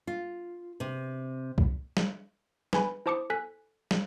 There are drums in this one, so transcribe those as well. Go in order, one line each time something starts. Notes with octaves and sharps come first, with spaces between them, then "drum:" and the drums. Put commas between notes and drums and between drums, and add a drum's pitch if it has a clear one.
F4
C3
drum: kick C2
drum: snare
B4 G#5 B5, drum: snare
E4 C5 A5 D6 D#6 C#7
A4 G#5 F#6 B6
drum: snare